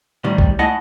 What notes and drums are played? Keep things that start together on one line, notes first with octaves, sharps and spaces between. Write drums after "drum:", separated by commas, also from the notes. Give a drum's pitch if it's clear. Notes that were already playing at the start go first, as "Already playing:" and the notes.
A2 C3 D#3 G3
drum: kick C#2
A3 E4 D#5 F#5 G#5 A5